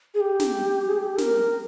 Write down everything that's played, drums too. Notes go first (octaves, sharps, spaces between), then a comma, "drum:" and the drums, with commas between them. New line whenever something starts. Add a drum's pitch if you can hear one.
G#4
G4
drum: snare
G#4
G4
A#4, drum: snare